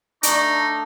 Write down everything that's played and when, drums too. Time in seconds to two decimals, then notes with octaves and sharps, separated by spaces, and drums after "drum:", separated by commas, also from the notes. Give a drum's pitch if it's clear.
0.23 A3 D4 D#4 C#6, drum: hi-hat